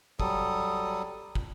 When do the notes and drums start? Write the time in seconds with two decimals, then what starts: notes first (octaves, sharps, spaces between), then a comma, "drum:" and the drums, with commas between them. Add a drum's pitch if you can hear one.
0.20 F#3 G3 A4 D#6, drum: kick
1.35 drum: kick